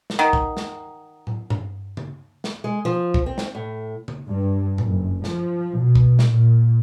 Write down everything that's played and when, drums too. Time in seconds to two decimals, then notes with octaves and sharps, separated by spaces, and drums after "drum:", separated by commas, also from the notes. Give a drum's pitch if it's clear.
0.10 drum: snare
0.19 D#3 F#5 A#5 D#6
0.33 drum: kick
0.57 drum: snare
1.27 drum: tom A2
1.50 drum: tom G2
1.97 drum: tom C#3
2.44 drum: snare
2.64 G#3
2.85 F3
3.14 drum: kick
3.26 C4
3.38 drum: snare
3.55 A2
4.08 drum: tom C#3
4.27 G2
4.78 F#1, drum: tom A2
5.24 F3, drum: snare
5.78 B2
5.95 drum: kick
6.19 drum: snare
6.29 A#2